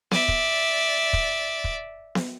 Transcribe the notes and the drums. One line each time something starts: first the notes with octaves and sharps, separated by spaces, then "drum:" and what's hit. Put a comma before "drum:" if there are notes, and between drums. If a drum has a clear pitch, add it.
D5 E5, drum: snare B3
drum: kick
drum: kick
drum: kick
drum: snare B3